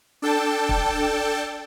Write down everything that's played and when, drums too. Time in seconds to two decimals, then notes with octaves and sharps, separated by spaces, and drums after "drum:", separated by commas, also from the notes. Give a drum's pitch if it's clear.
0.22 D4 A4 G5 A5
0.69 drum: kick